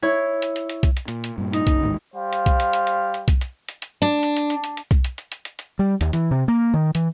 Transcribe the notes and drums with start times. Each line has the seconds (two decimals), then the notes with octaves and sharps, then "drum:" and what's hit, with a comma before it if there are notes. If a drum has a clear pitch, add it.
0.02 E4 C#5
0.42 drum: hi-hat
0.56 drum: hi-hat
0.70 drum: hi-hat
0.83 drum: kick B1, hi-hat
0.97 drum: hi-hat
1.08 A#2, drum: hi-hat
1.24 drum: hi-hat
1.38 G2 A#2
1.53 D#4, drum: hi-hat
1.67 F#1 C#3, drum: kick B1, hi-hat
1.83 A1 D#2 G#2
2.14 G3 C5 F5
2.33 drum: hi-hat
2.46 drum: kick B1, hi-hat
2.60 drum: hi-hat
2.73 drum: hi-hat
2.87 drum: hi-hat
3.14 drum: hi-hat
3.28 drum: kick B1, hi-hat
3.41 drum: hi-hat
3.69 drum: hi-hat
3.82 drum: hi-hat
4.02 D4
4.23 drum: hi-hat
4.36 drum: hi-hat
4.50 drum: hi-hat
4.64 drum: hi-hat
4.77 drum: hi-hat
4.91 drum: kick B1, hi-hat
5.04 drum: hi-hat
5.18 drum: hi-hat
5.32 drum: hi-hat
5.45 drum: hi-hat
5.59 drum: hi-hat
5.79 G3
6.01 D#2, drum: hi-hat
6.13 E3, drum: hi-hat
6.31 C3
6.48 A#3
6.74 D#3
6.95 E3, drum: hi-hat